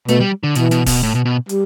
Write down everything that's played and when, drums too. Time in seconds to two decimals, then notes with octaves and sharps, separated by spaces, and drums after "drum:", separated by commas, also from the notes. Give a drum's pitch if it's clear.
0.08 B2 A3, drum: hi-hat
0.20 G3
0.43 D3
0.55 B2 E3, drum: hi-hat
0.71 B2, drum: hi-hat
0.86 B2, drum: kick D1, open hi-hat
1.03 A2
1.15 B2
1.25 B2
1.49 G3, drum: hi-hat